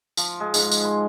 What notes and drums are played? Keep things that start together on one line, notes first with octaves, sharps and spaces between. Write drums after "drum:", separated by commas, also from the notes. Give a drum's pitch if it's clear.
F3, drum: tambourine
G#3
G#2, drum: tambourine
drum: tambourine
C6